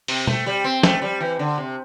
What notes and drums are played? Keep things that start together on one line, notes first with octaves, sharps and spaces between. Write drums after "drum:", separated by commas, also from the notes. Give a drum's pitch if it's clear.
C3, drum: open hi-hat
A3, drum: tom
G3
C4
A3, drum: snare
G3
E3
D3
C3